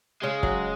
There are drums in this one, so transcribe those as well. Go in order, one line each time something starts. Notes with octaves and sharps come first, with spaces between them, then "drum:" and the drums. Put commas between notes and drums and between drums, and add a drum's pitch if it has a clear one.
C#3 G#3
F#3, drum: kick